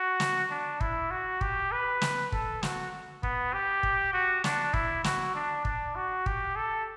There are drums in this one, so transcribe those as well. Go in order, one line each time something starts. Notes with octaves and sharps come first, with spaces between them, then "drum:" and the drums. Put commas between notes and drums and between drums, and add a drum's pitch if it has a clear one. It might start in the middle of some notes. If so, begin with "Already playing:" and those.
Already playing: F#4
drum: snare
D4
E4, drum: kick
F#4
G4, drum: kick
B4
drum: snare
A4, drum: kick
F#4, drum: snare
B3, drum: kick
G4
drum: kick
F#4
D4, drum: snare
E4, drum: kick
F#4, drum: snare
D4
D4, drum: kick
F#4
G4, drum: kick
A4